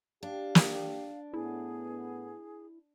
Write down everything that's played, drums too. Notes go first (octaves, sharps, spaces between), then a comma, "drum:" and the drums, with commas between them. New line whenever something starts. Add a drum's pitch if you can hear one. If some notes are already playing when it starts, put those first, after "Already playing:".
D4 G4 F5
drum: snare
A2 B3 E4 G#4